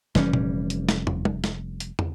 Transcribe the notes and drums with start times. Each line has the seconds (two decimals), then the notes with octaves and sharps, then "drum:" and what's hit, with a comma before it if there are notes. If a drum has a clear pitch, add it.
0.15 F1 E3 G3 C#4, drum: snare
0.33 drum: tom A#2
0.70 drum: hi-hat
0.89 drum: snare
1.07 drum: tom
1.25 drum: tom
1.44 drum: snare
1.80 drum: hi-hat
1.99 drum: tom